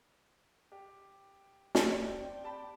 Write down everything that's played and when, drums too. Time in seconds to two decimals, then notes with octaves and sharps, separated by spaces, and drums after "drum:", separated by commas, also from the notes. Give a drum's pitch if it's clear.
0.72 G4
1.75 C4 C5 D5 G5 A5, drum: snare
2.44 G4 A5 B5